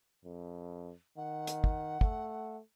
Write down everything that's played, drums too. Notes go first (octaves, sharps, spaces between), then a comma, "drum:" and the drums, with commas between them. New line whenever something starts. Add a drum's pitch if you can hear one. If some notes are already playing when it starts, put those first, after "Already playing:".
F2
D#3 F#5
drum: hi-hat
drum: kick
A3, drum: kick